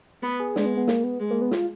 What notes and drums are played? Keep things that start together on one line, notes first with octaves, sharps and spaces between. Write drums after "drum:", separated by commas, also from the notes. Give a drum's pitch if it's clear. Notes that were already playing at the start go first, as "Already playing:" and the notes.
B3 B4
G#4
G#3 D4, drum: snare
B3
B3
A#3, drum: snare
B3
G#3
A#3
B3
F4, drum: snare